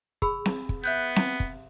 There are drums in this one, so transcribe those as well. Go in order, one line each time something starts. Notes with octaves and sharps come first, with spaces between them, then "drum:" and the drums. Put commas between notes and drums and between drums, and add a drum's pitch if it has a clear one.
G#4 B5 E6, drum: kick
drum: snare C4
drum: kick
B3 E5 F#6 G6
drum: snare C4
drum: kick